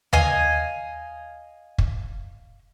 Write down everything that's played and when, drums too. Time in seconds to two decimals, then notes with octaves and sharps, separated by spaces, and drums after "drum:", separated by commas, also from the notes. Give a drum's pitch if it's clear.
0.13 D#5 F5 G#5, drum: tom D#2
1.78 drum: kick